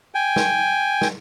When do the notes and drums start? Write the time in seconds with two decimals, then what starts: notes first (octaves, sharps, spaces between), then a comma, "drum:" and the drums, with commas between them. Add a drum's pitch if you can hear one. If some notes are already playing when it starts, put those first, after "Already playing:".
0.14 G5 G#5
0.36 drum: snare
1.01 drum: snare